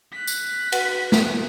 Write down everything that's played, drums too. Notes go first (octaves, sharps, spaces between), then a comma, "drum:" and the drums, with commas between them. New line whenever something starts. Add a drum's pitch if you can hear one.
F#6 B6
drum: tambourine
F#4 B4 F#5, drum: cymbal
drum: snare